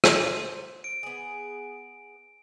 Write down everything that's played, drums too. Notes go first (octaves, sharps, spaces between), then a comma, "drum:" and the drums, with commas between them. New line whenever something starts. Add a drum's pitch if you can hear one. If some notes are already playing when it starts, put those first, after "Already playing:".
drum: rim click
C5
D7
B3 G#4